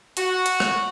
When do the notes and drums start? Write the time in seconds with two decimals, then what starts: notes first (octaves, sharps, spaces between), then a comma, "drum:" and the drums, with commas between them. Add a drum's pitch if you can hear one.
0.17 F#4, drum: hi-hat
0.46 drum: hi-hat
0.60 drum: rim click